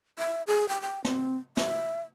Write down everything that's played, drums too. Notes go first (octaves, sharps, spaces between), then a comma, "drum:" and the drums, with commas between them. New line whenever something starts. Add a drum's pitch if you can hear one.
E5
G#4
G5
G5
C4, drum: snare
E5, drum: snare